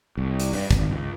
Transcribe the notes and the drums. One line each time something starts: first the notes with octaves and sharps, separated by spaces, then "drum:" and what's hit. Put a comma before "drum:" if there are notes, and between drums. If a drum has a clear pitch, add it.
C2
drum: hi-hat
G2, drum: open hi-hat
G#1, drum: kick, hi-hat
C#2